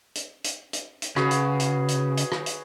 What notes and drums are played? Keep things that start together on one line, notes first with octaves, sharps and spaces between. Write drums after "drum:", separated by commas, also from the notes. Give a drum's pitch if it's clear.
drum: hi-hat
drum: hi-hat
drum: hi-hat
drum: hi-hat
C#3 F#4 G#4 B4, drum: rim click
drum: hi-hat
drum: hi-hat
drum: hi-hat
drum: hi-hat
drum: rim click
drum: hi-hat